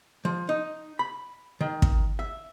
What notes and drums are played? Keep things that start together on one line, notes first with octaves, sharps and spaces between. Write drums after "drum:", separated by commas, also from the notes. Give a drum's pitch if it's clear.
F3
D#4
B5
D#3
drum: kick
E5